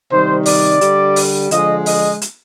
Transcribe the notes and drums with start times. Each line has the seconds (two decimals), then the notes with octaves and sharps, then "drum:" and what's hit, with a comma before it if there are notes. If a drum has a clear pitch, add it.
0.11 C3 D#3 G3 C5
0.46 D5, drum: open hi-hat
0.81 D3 G3, drum: hi-hat
1.16 drum: open hi-hat
1.51 D3 F3 G#3 D#5, drum: hi-hat
1.86 D#5, drum: open hi-hat
2.22 drum: hi-hat